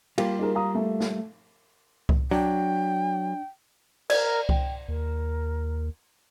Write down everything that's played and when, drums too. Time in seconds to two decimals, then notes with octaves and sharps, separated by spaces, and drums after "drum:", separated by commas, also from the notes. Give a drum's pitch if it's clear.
0.18 G3 A#3 F4 G4, drum: cymbal
0.39 D#4 G#4 A#4
0.55 F5 A#5 D#6
0.75 A3
1.00 drum: snare
2.09 drum: kick C2
2.31 F#3 D4 G5
4.10 A#4 D5, drum: cymbal
4.49 G5, drum: kick C2
4.88 D#2 A#4